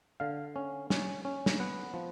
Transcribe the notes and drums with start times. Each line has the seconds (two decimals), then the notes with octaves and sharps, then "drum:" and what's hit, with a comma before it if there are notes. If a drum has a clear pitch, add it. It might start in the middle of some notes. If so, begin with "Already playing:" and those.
0.20 D3 F5
0.56 C#4
0.90 C#4, drum: snare
1.25 C#4
1.46 drum: snare
1.60 B3 F#5
1.94 F3